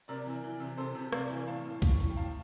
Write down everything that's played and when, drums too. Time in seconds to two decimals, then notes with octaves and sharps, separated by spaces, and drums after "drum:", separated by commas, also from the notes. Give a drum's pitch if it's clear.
0.08 C3 A#4 D5
0.26 E3
0.44 E3
0.60 C3
0.77 C3 A4 C5
0.95 C3
1.12 C3 D5 F5, drum: rim click
1.30 E3
1.47 A2 F5 A5
1.65 A2
1.82 A2, drum: kick
2.00 A2
2.10 G5
2.17 A2 F5 A5